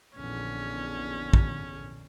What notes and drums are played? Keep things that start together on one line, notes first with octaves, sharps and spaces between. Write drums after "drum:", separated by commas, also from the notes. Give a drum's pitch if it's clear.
A#1 E2 D3 C#4
drum: kick